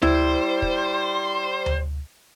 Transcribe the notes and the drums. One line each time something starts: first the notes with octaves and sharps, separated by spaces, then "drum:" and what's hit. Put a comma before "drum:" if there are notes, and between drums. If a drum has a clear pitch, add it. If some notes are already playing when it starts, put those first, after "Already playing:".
G3 E4 C5, drum: tom D2
drum: kick
drum: tom D2